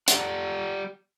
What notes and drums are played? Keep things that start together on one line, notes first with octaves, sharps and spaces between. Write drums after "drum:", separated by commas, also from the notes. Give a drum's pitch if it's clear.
G4 D5 F#5, drum: hi-hat